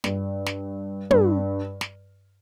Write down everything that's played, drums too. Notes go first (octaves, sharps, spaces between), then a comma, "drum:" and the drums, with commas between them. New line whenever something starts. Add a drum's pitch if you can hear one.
G2, drum: snare
drum: snare
G2, drum: tom
drum: snare